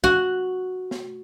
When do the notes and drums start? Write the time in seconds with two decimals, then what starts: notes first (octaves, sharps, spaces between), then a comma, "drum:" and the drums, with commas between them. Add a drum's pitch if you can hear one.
0.04 F#4, drum: kick
0.91 drum: snare